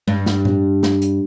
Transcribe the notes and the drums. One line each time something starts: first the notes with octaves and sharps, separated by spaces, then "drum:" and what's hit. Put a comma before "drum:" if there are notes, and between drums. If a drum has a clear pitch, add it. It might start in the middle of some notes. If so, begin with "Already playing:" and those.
G2, drum: tom G#3
drum: snare
drum: tom A2
drum: snare
drum: hi-hat